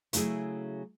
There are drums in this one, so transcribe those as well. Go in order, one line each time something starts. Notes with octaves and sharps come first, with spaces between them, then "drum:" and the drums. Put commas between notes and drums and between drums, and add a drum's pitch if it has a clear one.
C#3 F#3 A3 E4 G#4, drum: hi-hat